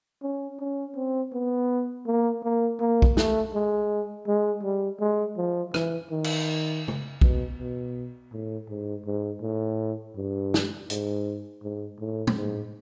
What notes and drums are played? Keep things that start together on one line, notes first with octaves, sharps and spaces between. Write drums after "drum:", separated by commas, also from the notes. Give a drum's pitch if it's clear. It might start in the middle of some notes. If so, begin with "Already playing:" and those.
C#4
C#4
C4
B3
A#3
A#3
A#3
drum: kick B1
A3, drum: snare
G#3
G#3
G3
G#3
F3
E3, drum: rim click
D#3
drum: cymbal
drum: tom
B2, drum: kick B1
B2
A2
G#2
G#2
A2
G2
drum: snare
G#2, drum: hi-hat
G#2
A2
drum: tom
G#2